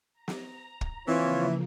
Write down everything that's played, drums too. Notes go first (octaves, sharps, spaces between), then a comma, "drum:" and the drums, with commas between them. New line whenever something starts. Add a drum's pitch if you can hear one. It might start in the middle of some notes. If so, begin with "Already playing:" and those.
A#5
drum: snare
drum: kick
C#3 E3 F3 A#3 C4 F4 C5 C#5